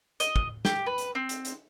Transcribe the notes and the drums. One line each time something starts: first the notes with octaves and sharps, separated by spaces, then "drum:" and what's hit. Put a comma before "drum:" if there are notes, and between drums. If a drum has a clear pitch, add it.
D#5, drum: hi-hat
drum: kick
G4, drum: snare
B4
drum: hi-hat
C4
drum: hi-hat
drum: hi-hat